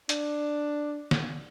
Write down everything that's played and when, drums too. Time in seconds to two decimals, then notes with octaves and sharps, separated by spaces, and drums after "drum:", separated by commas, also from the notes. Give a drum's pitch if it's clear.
0.09 D4, drum: hi-hat
1.11 drum: snare